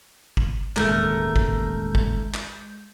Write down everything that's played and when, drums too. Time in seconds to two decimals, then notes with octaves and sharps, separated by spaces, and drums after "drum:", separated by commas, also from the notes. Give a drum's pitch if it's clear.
0.37 drum: kick
0.77 E1 A1 D#2 G#3 A3 A#4 G6, drum: clap
1.36 drum: kick
1.95 drum: kick
2.34 drum: clap